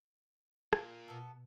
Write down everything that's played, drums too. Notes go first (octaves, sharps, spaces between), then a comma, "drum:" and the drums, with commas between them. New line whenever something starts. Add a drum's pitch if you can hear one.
A#3 F4, drum: rim click
B2 B3 A4